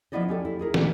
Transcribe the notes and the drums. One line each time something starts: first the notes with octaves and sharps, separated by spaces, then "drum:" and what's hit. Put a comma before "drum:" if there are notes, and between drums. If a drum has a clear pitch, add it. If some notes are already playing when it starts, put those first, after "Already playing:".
F3 A#3 B3 E4 D5 D#5
C#4 G4 A4
E4
E4 G#4 A#4
A#2 E3 F3 G3 A3, drum: snare